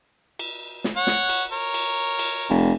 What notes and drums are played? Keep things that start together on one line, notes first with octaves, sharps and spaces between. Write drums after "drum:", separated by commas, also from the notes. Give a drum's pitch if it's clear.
drum: cymbal
drum: snare
C#5 F#5
drum: snare
drum: cymbal
A#4 C#5
drum: cymbal
drum: cymbal
F1